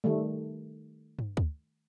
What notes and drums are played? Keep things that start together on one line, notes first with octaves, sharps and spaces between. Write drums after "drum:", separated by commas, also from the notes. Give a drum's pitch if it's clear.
D#3 G3 A3
drum: tom G2
drum: kick D2